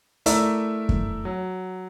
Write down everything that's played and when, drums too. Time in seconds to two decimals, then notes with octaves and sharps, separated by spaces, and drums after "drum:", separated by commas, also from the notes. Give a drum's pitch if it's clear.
0.26 A3 E4 A#4 D5 E5, drum: hi-hat
0.89 drum: kick F#2
1.25 F#3